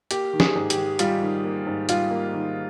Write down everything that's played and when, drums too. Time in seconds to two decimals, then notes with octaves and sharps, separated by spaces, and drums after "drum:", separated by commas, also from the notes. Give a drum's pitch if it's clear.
0.11 A#3 G4, drum: hi-hat
0.33 D#3
0.40 G#4, drum: snare
0.56 G#2
0.70 G4, drum: hi-hat
0.77 D#3
0.99 G3 F4, drum: hi-hat
1.22 D#3
1.44 A#3
1.67 G#2
1.89 G3 F4, drum: hi-hat
2.11 A#3
2.34 D#3